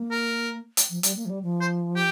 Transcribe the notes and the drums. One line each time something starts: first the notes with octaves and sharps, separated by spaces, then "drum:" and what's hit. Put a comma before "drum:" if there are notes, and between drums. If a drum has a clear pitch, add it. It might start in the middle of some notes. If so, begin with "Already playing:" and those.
Already playing: A#3
A#4
drum: hi-hat
F3
G3, drum: hi-hat
A#3
F3
G3
F3
C5
G4